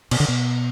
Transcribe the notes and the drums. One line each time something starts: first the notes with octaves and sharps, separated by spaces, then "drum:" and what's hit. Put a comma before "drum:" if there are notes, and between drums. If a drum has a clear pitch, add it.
B2, drum: cymbal
D3
B2